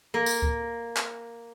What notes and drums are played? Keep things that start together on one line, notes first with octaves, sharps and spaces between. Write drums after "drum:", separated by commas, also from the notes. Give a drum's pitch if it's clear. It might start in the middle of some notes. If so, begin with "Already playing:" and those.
A#3
drum: tambourine
drum: kick C#2
drum: clap